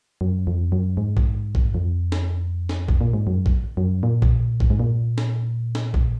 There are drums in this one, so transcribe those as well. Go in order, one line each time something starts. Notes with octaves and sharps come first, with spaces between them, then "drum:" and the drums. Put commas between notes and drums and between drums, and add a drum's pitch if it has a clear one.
F#2
F2
F#2
G#2
drum: kick
drum: kick
F2
drum: snare
drum: snare
drum: kick
A#2
G#2
F#2
drum: kick
F#2
A#2
drum: kick
drum: kick
G#2
A#2
drum: snare
drum: snare
drum: kick